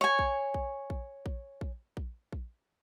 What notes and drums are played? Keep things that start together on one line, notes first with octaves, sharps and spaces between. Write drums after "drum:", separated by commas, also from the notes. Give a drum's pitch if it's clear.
C#5 G#5
drum: kick A#1
drum: kick A#1
drum: kick A#1
drum: kick A#1
drum: kick A#1
drum: kick A#1
drum: kick A#1